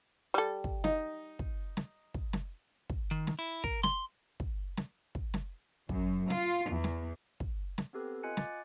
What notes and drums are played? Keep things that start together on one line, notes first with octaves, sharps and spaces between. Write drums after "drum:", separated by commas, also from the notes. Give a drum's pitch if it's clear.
G3 A4
drum: kick
D#4, drum: snare
drum: kick
drum: snare
drum: kick
drum: snare
drum: kick
D#3
drum: snare
E4
A#4, drum: kick
C6, drum: snare
drum: kick
drum: snare
drum: kick
drum: snare
F#2, drum: kick
F4, drum: snare
E2
drum: snare
drum: kick
drum: snare
B3 C4 G4 A4 B4
F4 D#5 G#5 F#6 C#7
D6 A6, drum: snare